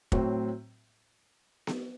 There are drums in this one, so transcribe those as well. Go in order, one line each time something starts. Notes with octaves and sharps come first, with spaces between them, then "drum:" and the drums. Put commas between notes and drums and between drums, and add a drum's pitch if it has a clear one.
A2 F#3 C4, drum: kick
drum: snare B3